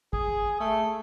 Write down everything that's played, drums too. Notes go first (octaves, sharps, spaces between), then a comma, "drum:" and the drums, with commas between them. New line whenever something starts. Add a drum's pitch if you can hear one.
G#4, drum: kick
A3